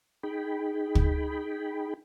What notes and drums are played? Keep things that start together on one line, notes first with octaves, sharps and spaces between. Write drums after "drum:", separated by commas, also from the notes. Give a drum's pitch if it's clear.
D#4 G#4 G5 B5
drum: kick